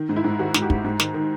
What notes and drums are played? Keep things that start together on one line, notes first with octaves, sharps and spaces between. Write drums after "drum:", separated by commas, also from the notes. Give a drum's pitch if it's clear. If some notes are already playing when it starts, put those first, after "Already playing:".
Already playing: D#3
G#2
E4
G#2
D#3 F#4
G#2, drum: snare
G4
G#2, drum: kick
G#2
D#3, drum: snare
D#3